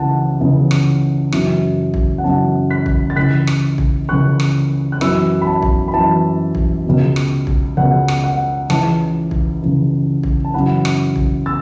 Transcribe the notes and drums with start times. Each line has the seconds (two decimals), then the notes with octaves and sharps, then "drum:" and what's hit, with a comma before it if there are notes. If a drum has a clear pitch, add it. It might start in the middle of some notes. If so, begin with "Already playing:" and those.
Already playing: C#2 C#3 E3 F#5 A5
0.40 C#2 C#3 E3
0.71 drum: rim click
1.32 F#2 C#3 E3, drum: rim click
1.94 drum: kick
2.18 F#5
2.24 F#2 C#3 E3 A5
2.70 F#6 B6
2.86 drum: kick
3.10 A6
3.16 C#2 C#3 E3 F#6 B6
3.47 drum: rim click
3.78 drum: kick
4.08 C#2 C#3 E3 C#6 F#6
4.40 drum: rim click
4.92 F#6
5.01 F#2 E3 B5 E6, drum: rim click
5.42 B5
5.47 A5
5.62 drum: kick
5.88 B5
5.93 F#2 E3 A5
6.55 drum: kick
6.85 C#2 B2
7.16 drum: rim click
7.47 drum: kick
7.77 C#2 B2 F#5
8.08 drum: rim click
8.24 F#5
8.70 C#2 C#3 E3 A5, drum: rim click
9.31 drum: kick
9.62 C#2 C#3 E3
10.23 drum: kick
10.45 A5
10.54 F#2 C#3 E3 F#5 B5
10.85 drum: rim click
11.16 drum: kick
11.46 E6 A6